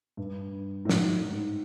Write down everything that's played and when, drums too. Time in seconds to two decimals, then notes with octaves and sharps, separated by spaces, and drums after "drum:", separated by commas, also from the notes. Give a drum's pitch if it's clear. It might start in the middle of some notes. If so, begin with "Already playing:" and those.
0.17 G2
0.85 A2
0.89 G#2, drum: snare
1.26 G#2